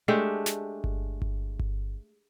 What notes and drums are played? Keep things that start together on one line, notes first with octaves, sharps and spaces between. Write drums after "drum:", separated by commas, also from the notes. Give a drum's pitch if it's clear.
G#3 A3 D4 G4
drum: snare
drum: kick G1
drum: kick G1
drum: kick G1